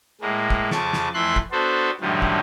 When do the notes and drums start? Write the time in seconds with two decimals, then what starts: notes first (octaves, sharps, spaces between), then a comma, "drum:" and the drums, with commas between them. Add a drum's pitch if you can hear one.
0.21 A2 G#3 A#3
0.50 drum: kick
0.71 F2 C#3 A5 C#6 D6, drum: snare
0.93 drum: snare
1.14 F2 E3 A3 E5 C6 F#6
1.36 drum: kick
1.52 B3 D4 F#4 A4 C5
2.01 F#2 A2 D3 D#3 F3 G3
2.22 drum: kick